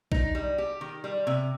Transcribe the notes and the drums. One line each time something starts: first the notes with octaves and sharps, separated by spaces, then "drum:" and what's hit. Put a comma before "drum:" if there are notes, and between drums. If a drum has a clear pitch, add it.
D#4, drum: kick A#1
G3
G4
D#3
G3
C3